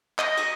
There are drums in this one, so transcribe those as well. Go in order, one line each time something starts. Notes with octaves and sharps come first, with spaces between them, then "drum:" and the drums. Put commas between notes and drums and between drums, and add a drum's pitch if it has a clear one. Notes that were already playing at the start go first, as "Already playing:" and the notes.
D#5, drum: clap
drum: cymbal